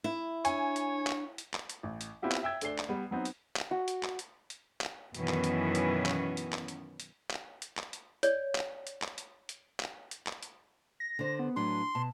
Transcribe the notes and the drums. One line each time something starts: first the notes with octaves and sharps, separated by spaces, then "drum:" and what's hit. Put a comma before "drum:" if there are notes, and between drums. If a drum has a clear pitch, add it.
E4
D4 C#5 G#5, drum: hi-hat
drum: hi-hat
drum: clap
drum: hi-hat
drum: clap
drum: hi-hat
A1
drum: hi-hat
B3 C4 E4 F4 G4 F#5
drum: clap
E5 G5 E6 G#6
D2 A3 D4 C7 G7, drum: hi-hat
drum: clap
G3 B3
F#3 B3 C4 D#4
drum: hi-hat
drum: clap
F#4
drum: hi-hat
drum: clap
drum: hi-hat
drum: hi-hat
drum: clap
F#2 B2 D#3 E3 B3 C#4, drum: hi-hat
drum: clap
drum: hi-hat
drum: hi-hat
drum: clap
drum: hi-hat
drum: clap
drum: hi-hat
drum: hi-hat
drum: clap
drum: hi-hat
drum: clap
drum: hi-hat
C#5 D5, drum: hi-hat
drum: clap
drum: hi-hat
drum: clap
drum: hi-hat
drum: hi-hat
drum: clap
drum: hi-hat
drum: clap
drum: hi-hat
A#6
D3 C5
B3
A2 F#3 D4 B4 C6
B2 A5